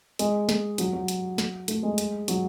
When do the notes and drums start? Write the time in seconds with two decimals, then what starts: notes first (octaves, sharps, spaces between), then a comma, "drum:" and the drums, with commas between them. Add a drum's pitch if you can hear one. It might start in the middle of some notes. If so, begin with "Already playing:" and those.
0.19 G#3, drum: hi-hat
0.49 drum: snare
0.78 F#3, drum: hi-hat
0.93 F#3
1.08 drum: hi-hat
1.38 drum: snare
1.68 A3, drum: hi-hat
1.83 G#3
1.98 drum: hi-hat
2.28 F#3, drum: hi-hat